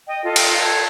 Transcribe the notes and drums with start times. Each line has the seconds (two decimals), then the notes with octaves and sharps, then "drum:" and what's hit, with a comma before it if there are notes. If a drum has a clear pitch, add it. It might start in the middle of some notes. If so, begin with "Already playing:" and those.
0.06 D#5 G5
0.23 F4 A4 D#5
0.36 drum: cymbal
0.60 A4 G#6